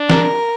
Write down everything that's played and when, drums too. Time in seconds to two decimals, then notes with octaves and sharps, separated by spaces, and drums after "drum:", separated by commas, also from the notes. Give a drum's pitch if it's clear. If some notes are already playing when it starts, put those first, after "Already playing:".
Already playing: D4
0.10 A#4, drum: snare